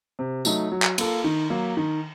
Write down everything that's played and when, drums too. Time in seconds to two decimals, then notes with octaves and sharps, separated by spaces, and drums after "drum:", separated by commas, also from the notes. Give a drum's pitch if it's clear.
0.19 C3
0.45 F#3 A3 D#4, drum: tambourine
0.72 F#3
0.82 drum: clap
0.98 A#3 F4 A4, drum: cymbal
1.24 D#3
1.50 F#3 A#3
1.77 D#3